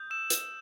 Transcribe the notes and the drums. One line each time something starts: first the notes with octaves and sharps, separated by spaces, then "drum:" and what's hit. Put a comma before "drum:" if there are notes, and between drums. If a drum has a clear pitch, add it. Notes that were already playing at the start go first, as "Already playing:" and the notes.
Already playing: D#6 G6
E6 E7
drum: hi-hat